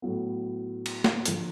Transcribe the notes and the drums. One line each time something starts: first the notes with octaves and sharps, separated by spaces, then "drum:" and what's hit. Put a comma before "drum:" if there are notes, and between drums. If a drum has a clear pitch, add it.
A2 F#3 B3
drum: cymbal
drum: snare
D3 F3 A3, drum: hi-hat